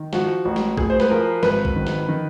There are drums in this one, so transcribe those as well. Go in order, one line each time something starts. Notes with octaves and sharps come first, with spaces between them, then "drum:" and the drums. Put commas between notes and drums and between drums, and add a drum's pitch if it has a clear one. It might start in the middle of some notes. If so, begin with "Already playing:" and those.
Already playing: D#3
F3 F#4, drum: snare
A1 F#4
drum: snare
A2 G#4, drum: kick A#1
C5
B4, drum: snare
F3 A#4
G#1 B4, drum: snare
drum: kick A#1
D#3
drum: snare
D#3